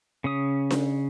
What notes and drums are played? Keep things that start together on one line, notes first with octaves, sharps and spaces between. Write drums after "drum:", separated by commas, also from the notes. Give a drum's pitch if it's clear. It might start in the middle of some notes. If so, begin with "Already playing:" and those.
C#3 C#4 D#6
drum: snare D4